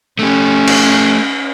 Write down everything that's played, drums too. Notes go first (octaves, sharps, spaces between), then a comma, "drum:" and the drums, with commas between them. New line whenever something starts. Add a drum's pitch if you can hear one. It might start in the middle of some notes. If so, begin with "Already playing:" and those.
A3 C#4 G4
drum: cymbal